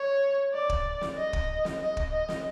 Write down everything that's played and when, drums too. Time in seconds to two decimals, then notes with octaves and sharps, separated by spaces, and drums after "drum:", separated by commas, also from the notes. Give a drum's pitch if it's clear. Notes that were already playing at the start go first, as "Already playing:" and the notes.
Already playing: C#5
0.54 D5
0.70 drum: kick
1.01 drum: snare
1.17 D#5
1.33 drum: kick
1.65 drum: snare
1.81 D#5
1.97 drum: kick
2.13 D#5
2.29 drum: snare